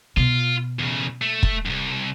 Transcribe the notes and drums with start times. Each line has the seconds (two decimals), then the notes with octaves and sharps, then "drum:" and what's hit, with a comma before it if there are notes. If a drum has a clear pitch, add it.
0.17 B2 F4
0.79 E2 C#3
1.22 A3
1.43 drum: kick
1.65 C2 F#2